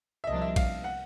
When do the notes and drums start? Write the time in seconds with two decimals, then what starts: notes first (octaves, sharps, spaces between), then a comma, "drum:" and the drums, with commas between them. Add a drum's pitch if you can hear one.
0.24 E5
0.27 C2 A#2 F3 A#3 D4 D#5
0.42 E5
0.56 F5, drum: kick A#1, cymbal
0.84 F#5